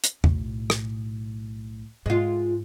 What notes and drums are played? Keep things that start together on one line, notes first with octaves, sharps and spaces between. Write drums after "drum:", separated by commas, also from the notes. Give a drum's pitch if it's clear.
drum: hi-hat
B1 A2, drum: tom E2
drum: rim click
G#2 G#3 F4